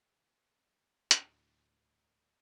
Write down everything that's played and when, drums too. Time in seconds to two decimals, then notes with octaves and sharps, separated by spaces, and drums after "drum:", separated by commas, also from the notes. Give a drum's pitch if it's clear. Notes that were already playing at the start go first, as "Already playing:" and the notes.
1.11 D2 A2, drum: hi-hat